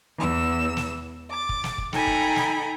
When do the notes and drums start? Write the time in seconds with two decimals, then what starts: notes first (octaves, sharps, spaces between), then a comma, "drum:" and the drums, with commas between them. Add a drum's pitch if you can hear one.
0.18 E2 E6
0.77 drum: snare
1.29 D6 A6
1.49 drum: kick
1.64 drum: snare
1.78 drum: kick
1.93 D#4 A4 G5 G#5 A#5 B5, drum: snare
2.07 drum: kick
2.36 drum: snare